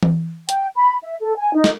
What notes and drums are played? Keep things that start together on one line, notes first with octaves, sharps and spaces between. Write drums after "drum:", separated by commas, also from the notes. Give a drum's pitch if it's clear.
drum: tom E3
G5, drum: hi-hat
B5
E5
A4
G#5
D#4
drum: snare